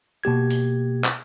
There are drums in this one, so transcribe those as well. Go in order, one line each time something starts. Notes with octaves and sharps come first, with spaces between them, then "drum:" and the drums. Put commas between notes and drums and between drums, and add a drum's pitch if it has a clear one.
B2 A#3 G4 G#6
drum: open hi-hat
drum: clap